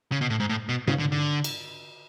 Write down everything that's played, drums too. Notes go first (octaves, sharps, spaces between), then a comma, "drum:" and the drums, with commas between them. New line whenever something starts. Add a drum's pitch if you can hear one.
C#3
B2
A2
G#2
A2
B2
C#3, drum: tom G#2
D3
D3
drum: cymbal